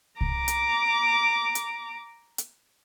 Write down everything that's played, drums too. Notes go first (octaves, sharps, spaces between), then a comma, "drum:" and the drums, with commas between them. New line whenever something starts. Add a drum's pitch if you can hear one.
A#5 D6, drum: kick C2
drum: hi-hat
drum: hi-hat
drum: hi-hat